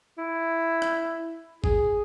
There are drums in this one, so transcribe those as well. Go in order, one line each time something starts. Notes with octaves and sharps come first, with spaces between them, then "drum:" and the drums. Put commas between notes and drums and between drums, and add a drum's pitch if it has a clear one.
E4
drum: rim click
G#4, drum: kick